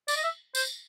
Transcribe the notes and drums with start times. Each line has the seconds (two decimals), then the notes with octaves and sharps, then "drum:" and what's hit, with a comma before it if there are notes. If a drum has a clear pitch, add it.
0.08 D5, drum: tambourine
0.17 D#5
0.24 E5
0.55 C5, drum: tambourine